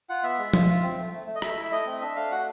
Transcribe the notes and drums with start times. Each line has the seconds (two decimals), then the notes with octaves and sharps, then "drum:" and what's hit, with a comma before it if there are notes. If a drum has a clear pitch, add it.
0.09 F4 F#5
0.23 B3 E5
0.39 G#3
0.54 F4, drum: tom F3
0.69 F4
0.83 C4
0.98 A3
1.13 A3
1.27 A3
1.35 D#5
1.42 A3 E5, drum: rim click
1.58 E4
1.64 E5
1.72 A3 D#5
1.86 C4
2.01 D4 E5
2.16 A3 F5
2.31 F#4 F#5